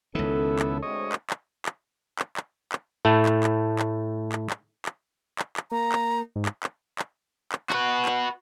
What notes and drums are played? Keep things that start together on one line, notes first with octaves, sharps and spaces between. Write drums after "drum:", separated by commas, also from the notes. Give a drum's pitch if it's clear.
C#2 D#3 B3 C#4 E4 A4
drum: clap
D2 G#3 C4 C#5 D#5
drum: clap
drum: clap
drum: clap
drum: clap
drum: clap
drum: clap
A2 A3
drum: clap
drum: clap
drum: clap
drum: clap
drum: clap
drum: clap
drum: clap
drum: clap
A#3 A#5
drum: clap
G#2
drum: clap
drum: clap
drum: clap
drum: clap
F#4 B4, drum: clap
drum: clap